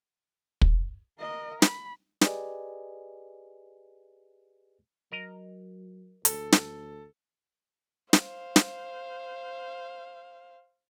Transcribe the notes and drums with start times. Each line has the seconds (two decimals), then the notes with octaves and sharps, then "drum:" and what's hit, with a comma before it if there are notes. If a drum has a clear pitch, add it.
0.61 drum: kick
1.19 A#4 D#5
1.62 B5, drum: snare
2.21 G4 G#4 B4 D5 D#5 G#5, drum: snare
5.12 F#3 A#4 D#5 A#5
6.25 D2 A4, drum: hi-hat
6.52 drum: snare
8.13 C5 F5, drum: snare
8.56 drum: snare